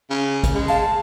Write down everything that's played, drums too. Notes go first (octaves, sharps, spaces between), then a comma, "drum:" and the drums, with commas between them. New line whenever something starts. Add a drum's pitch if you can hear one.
C#3
drum: kick, hi-hat
G#3
F5 A5